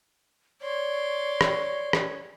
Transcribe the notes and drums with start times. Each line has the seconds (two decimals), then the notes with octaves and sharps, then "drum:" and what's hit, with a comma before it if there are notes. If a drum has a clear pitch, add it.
0.62 C#5 D5 C6
1.41 drum: rim click
1.93 drum: rim click